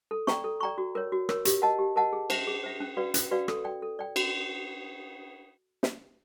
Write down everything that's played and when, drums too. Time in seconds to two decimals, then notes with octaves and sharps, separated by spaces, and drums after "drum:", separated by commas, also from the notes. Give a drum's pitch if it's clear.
0.11 A4
0.27 D5 G5 A#5 C#6, drum: snare
0.44 A4
0.60 D5 G5 A#5 C#6
0.78 F#4
0.95 A#4 C#5
1.12 F#4
1.29 A#4 C#5, drum: rim click
1.45 G4, drum: hi-hat
1.62 A#4 D#5 F#5 A5
1.79 G4
1.96 A#4 D#5 F#5 A5
2.13 G#4
2.30 C5 E5, drum: cymbal
2.47 G#4
2.64 C5 E5
2.80 C#4
2.97 F#4 B4 D5 F5
3.14 C#4, drum: hi-hat
3.31 F#4 B4 D5 F5
3.48 A4, drum: rim click
3.64 D5 G5
3.82 A4
3.99 D5 G5
4.16 F#4, drum: cymbal
5.83 drum: snare